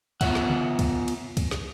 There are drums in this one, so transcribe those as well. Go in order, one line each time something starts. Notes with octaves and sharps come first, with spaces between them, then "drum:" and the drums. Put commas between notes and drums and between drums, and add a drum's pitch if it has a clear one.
B3 F4 C#5 E5 F#5, drum: kick, cymbal
drum: snare
drum: tom C3
drum: kick, cymbal
drum: cymbal
drum: kick, cymbal
drum: snare